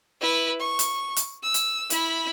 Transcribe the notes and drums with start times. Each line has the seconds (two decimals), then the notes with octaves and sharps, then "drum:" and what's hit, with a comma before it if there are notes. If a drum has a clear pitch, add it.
0.21 E4 B4
0.60 C#6
0.79 drum: hi-hat
1.17 drum: hi-hat
1.43 E6
1.54 drum: hi-hat
1.90 E4 B5, drum: hi-hat